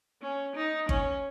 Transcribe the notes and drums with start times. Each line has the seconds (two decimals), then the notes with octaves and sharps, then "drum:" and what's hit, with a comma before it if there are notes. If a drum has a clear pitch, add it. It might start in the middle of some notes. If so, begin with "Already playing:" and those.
0.22 C#4
0.56 D#4
0.89 C#4, drum: kick G1